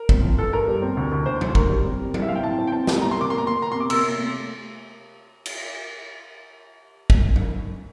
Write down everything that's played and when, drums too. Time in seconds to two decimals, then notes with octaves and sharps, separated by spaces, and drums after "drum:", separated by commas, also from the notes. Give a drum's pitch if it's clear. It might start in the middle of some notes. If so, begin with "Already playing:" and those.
Already playing: A#4
0.09 C4, drum: kick
0.23 F3
0.38 G2 A4
0.53 G2 A#4
0.67 G3
0.82 C4
0.97 D2
1.12 D2
1.26 D2 C5
1.41 D2, drum: tom F#3
1.55 D2 A#4, drum: kick
1.69 G3
1.85 C4
2.00 G3
2.14 A2, drum: tom F#3
2.22 E5
2.28 C4 F5
2.35 G5
2.43 A2 A5
2.58 C4
2.67 G5
2.72 C4 A5
2.87 G3, drum: snare
3.02 C3 A#5
3.11 C6
3.17 A#3 D6
3.30 A#3 C6
3.38 A#5
3.46 A#3 C6
3.61 A#3 A#5
3.72 C3 C6
3.80 D6
3.90 A#3 E6, drum: cymbal
4.04 C3
4.18 A3
5.46 drum: cymbal
7.10 drum: kick
7.36 drum: tom F#3